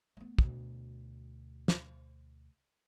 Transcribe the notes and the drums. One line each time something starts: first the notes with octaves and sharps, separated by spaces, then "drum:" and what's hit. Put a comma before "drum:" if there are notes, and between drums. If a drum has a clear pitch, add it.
A3 B3
D2 B2, drum: kick
drum: snare